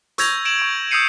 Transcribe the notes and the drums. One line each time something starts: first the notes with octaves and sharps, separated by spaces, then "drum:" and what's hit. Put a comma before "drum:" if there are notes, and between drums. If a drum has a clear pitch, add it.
C#6 E6 G6 G#6 A#6 F7, drum: hi-hat
D7 E7 F#7
C#6 D7
D#6 E6 G6 C7 C#7 D#7